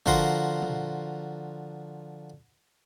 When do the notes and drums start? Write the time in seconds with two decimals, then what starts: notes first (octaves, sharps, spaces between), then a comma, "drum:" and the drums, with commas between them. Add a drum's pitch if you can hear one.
0.06 D3 F3 F#4 A#4 C6, drum: kick
0.62 drum: tom